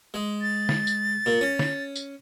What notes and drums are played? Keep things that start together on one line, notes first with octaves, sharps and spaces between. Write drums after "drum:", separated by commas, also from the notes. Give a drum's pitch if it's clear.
G#3
A6
drum: snare D3
drum: tambourine
A#2
C#4
drum: snare D3
drum: tambourine